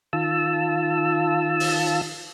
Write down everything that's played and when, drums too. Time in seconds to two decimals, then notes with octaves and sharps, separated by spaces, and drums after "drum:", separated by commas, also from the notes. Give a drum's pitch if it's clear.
0.13 D#3 F4 A5 E6
1.60 drum: open hi-hat